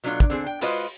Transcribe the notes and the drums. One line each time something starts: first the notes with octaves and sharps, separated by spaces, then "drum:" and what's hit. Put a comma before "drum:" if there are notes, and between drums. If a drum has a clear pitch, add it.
B2 F#3 A3 D4 F4
drum: kick, hi-hat
D3 C4 G#4
G5
G#3 F4 F#4 B4 C5 D#5, drum: open hi-hat